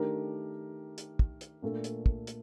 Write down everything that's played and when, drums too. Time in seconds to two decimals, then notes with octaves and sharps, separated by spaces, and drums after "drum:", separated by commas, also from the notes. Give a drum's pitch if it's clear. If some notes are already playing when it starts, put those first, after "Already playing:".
Already playing: D#3 A3 D4 G4 A#4
0.98 drum: hi-hat
1.19 drum: kick
1.41 drum: hi-hat
1.62 A#2 A3 D4 A4
1.84 drum: hi-hat
2.06 drum: kick
2.27 drum: hi-hat